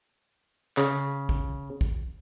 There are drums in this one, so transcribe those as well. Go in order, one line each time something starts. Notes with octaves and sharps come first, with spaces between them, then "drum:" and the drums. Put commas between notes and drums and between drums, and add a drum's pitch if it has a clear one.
C#3, drum: clap
drum: kick
drum: kick